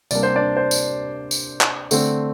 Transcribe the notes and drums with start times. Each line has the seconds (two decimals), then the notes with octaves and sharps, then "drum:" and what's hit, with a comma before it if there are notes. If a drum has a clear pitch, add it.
0.11 C3 G3 A#3 D4 D5, drum: tambourine
0.23 C5
0.36 D4 D5
0.57 C5
0.71 drum: tambourine
1.31 drum: tambourine
1.61 drum: clap
1.91 D3 A3 C4, drum: tambourine